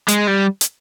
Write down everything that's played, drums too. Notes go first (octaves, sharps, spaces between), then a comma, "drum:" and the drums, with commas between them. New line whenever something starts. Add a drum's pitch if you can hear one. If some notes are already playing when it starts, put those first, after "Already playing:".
G#3, drum: hi-hat
G3
drum: hi-hat